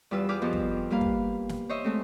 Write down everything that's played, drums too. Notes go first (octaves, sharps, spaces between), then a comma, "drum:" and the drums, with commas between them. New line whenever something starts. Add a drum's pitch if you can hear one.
E2 G3 F4 B4 E6
G4 G#4 B4 D6 F6
F2 F3 B3
drum: kick
G3 A#3 B4 F5
drum: kick
drum: snare
C5 C#5 D#5 E5
G#3 A3 C4